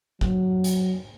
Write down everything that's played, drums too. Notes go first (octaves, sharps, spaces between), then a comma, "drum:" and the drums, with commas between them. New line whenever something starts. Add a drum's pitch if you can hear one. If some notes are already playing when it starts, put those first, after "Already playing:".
F#3, drum: kick G1
drum: hi-hat